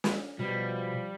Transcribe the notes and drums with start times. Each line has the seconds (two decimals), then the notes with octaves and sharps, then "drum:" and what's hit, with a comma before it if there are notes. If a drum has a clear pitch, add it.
0.04 drum: snare
0.39 B2 F3 G3